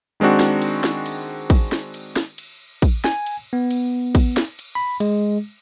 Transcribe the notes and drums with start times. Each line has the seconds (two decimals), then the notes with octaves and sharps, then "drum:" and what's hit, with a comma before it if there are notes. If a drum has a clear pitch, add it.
0.20 D#3 G#3 C4 D4 F#4
0.40 drum: snare
0.62 drum: cymbal
0.84 drum: snare
1.06 drum: cymbal
1.50 drum: kick, cymbal
1.72 drum: snare
1.94 drum: cymbal
2.16 drum: snare
2.38 drum: cymbal
2.82 drum: kick, cymbal
3.04 G#5, drum: snare
3.26 drum: cymbal
3.53 B3
3.71 drum: cymbal
4.15 drum: kick, cymbal
4.37 drum: snare
4.59 drum: cymbal
4.75 B5
5.00 G#3, drum: cymbal